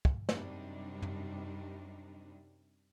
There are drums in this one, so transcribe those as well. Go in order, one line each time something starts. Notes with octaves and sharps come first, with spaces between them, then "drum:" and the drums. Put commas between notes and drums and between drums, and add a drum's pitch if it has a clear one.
drum: kick
F#2 C3 G3 D4 D#4, drum: snare
drum: tom